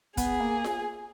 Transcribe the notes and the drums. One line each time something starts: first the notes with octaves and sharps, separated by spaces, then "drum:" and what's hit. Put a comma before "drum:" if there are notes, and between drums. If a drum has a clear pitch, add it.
B3 G#4, drum: kick, hi-hat
A#3
drum: snare F4